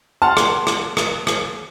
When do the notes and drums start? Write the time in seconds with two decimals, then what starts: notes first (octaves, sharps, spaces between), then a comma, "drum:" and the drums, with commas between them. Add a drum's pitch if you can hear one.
0.22 F#5 A5 C6 F6
0.37 drum: rim click
0.67 drum: rim click
0.97 drum: rim click
1.27 drum: rim click